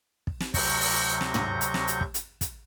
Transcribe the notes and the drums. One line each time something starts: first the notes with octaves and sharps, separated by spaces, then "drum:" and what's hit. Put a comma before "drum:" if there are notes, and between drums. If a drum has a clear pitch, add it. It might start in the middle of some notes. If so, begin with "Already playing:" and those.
drum: kick
drum: snare
D2 C3 F#3 C#6 G6 A#6, drum: kick, open hi-hat
drum: open hi-hat
drum: snare
drum: tom
drum: hi-hat
drum: snare
drum: hi-hat
drum: kick
drum: hi-hat
drum: kick, hi-hat